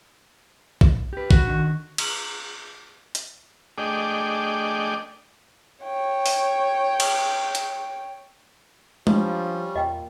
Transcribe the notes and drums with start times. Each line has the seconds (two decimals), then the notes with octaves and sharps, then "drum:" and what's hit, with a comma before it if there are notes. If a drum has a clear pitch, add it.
0.81 drum: kick
1.13 G4 B4
1.31 F#4, drum: kick
1.47 D3 D#3
1.98 drum: cymbal
3.15 drum: hi-hat
3.78 A3 D4 G#4 D5 D#5 G5
5.83 C#5 G5
6.26 drum: open hi-hat
7.00 drum: cymbal
7.55 drum: hi-hat
9.07 F3 G3 C#4 D4, drum: tom G#3
9.76 E2 A#2 D#5 G5